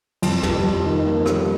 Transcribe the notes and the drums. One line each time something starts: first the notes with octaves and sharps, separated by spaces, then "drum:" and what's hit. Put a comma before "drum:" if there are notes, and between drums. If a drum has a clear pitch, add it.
F2, drum: cymbal
G3, drum: tom
F2
D#3
A#3
G3, drum: rim click